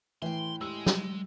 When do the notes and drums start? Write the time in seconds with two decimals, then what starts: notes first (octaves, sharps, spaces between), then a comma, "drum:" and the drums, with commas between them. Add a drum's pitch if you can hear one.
0.22 A2 E3 G5 C6
0.61 G#3 G4 E6
0.86 drum: snare